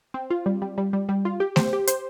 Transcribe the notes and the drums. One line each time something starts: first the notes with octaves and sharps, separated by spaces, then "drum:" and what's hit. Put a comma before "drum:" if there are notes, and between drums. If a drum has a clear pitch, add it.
C4
F4
G3
G3
G3
G3
G3
F4
G4
C5, drum: snare A3
G4
C5, drum: hi-hat